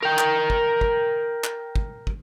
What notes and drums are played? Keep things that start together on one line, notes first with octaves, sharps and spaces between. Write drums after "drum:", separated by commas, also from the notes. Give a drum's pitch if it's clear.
A#4 G5
drum: clap
drum: kick
drum: kick
drum: clap
drum: kick
drum: kick